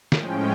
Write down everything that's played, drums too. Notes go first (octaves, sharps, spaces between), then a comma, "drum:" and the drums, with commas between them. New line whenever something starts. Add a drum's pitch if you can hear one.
A2 F3 G#3 C#4 G5, drum: snare